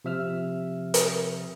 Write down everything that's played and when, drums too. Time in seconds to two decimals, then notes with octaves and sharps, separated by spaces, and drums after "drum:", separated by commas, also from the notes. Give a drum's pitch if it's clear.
0.05 C3 F3 E5 E6 F6
0.94 drum: hi-hat